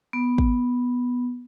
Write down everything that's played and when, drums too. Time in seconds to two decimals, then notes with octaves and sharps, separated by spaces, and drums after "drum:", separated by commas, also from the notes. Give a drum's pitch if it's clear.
0.13 B3
0.38 drum: kick